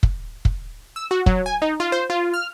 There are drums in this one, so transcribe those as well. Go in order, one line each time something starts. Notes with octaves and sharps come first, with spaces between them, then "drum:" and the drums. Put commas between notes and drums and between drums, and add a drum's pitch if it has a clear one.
drum: kick
drum: kick
E6
F#4
F#3, drum: kick
G#5
D#4
F4
C5
F4
F6